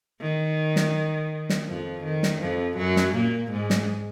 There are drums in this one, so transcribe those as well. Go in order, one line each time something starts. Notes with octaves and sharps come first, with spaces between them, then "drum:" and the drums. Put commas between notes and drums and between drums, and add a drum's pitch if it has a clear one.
D#3
drum: snare
drum: snare
F2 F3
D#3
drum: snare
F2 F3
F#2 F#3
drum: snare
A#2 A#3
G#2 G#3
drum: snare